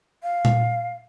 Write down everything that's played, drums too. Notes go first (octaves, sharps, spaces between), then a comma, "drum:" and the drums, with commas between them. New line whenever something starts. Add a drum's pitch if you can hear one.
F5
drum: tom A#2